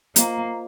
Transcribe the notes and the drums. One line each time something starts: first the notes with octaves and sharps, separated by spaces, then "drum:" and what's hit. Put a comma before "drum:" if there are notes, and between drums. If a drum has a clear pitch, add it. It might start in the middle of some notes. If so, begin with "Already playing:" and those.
A#3 F4 C5 D#5 A#5, drum: hi-hat